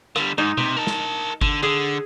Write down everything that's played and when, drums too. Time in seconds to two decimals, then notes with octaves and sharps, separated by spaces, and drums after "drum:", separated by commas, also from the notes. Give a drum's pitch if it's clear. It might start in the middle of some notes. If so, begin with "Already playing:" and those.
0.16 D3 G3, drum: rim click
0.38 G#2 D#4
0.58 C3, drum: tom B2
0.77 A#4 A5
0.87 drum: snare
1.41 D3, drum: kick G1
1.63 D3 G#4